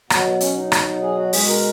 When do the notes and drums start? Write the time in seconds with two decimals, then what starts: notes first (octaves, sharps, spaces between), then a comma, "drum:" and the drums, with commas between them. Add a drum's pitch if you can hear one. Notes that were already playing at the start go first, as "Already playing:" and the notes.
0.10 B2 F#3 B3, drum: rim click
0.26 B3
0.41 C#4, drum: hi-hat
0.56 D#4
0.72 drum: rim click
1.02 G#4
1.17 F#4
1.33 B2 G#3 G#4, drum: open hi-hat
1.48 A#4